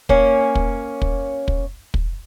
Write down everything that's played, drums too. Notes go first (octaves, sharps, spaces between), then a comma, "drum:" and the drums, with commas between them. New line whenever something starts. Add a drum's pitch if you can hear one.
A#3 C#4, drum: kick
drum: kick
drum: kick
drum: kick
drum: kick